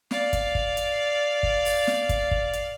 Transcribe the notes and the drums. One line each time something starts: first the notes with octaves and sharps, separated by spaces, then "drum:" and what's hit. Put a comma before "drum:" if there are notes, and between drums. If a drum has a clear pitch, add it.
D5 F5, drum: snare
drum: kick, hi-hat
drum: kick
drum: hi-hat
drum: kick
drum: open hi-hat
drum: snare
drum: kick, hi-hat
drum: kick
drum: hi-hat